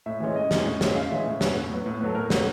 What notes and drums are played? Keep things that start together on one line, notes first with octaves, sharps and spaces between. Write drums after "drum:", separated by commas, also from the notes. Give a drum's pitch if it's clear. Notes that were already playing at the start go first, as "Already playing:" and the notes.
A2 E5
E3 G#3 C#4
A2 D#5
E3 G#3 C#4, drum: snare
A2
E3 G#3 C#4, drum: snare
A2 F5
E3 G#3 C#4 E5
A2
F#3 B3, drum: snare
A2
F#3 B3
A2
F#3 B3 A4
A2 A#4
F#3 B3 B4, drum: snare